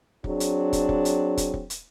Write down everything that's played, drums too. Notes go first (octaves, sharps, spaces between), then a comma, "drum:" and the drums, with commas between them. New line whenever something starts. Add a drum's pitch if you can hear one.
F#3 C4 D4 G#4, drum: kick
drum: hi-hat
drum: kick, hi-hat
drum: kick
drum: hi-hat
drum: kick, hi-hat
drum: kick
drum: hi-hat